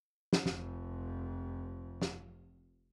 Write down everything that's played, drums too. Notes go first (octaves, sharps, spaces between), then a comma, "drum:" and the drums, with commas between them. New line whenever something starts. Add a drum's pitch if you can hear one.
drum: snare
F1 F2, drum: snare
drum: snare